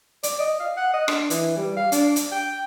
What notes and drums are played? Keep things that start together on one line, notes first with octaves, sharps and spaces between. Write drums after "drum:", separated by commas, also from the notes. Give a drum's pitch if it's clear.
D5, drum: hi-hat
D#5
F5
F#5
D#5
D4, drum: rim click
E3, drum: hi-hat
G3
F5
D4, drum: hi-hat
drum: hi-hat
G5